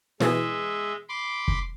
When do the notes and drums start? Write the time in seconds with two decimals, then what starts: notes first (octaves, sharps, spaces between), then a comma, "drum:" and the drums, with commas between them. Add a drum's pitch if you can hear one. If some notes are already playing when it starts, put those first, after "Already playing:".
0.20 B2 E3 G#3 G#4 E5, drum: snare
1.09 B5 C6 D6
1.48 drum: kick